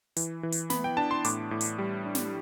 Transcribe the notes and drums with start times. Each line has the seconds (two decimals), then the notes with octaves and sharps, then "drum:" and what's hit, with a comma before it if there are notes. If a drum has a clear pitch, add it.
0.16 E3, drum: hi-hat
0.43 E3
0.52 drum: hi-hat
0.70 B3 B5, drum: snare
0.84 G5
0.97 D4 A5
1.11 C6
1.24 A2 D6, drum: hi-hat
1.51 A2
1.61 drum: hi-hat
1.78 G3
2.06 D4
2.15 drum: snare